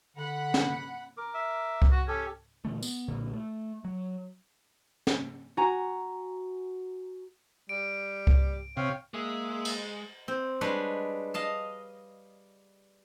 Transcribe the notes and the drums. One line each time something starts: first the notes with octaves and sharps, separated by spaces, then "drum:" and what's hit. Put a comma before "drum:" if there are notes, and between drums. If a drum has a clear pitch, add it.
D3 F#5 B5
drum: snare
A#4 D6
E5
drum: kick C2
F#4
C#4 G4 A4
A#2 D3 E3 A3
B3, drum: tambourine
B1 A#2 D3 A#3
A3
F#3
drum: snare
F#4 G#5 A#5
G3 D7
drum: kick C2
C3 C#5 F5 G5
G#3 A#3 G#4 E5
drum: cymbal
C4
G3 G#3 D4 B4 C#5
D#5 F5 A5